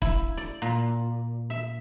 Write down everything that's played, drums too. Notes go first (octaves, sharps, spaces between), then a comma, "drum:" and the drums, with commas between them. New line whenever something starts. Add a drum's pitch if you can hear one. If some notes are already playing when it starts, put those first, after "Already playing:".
E4, drum: kick
D5
A#2
E5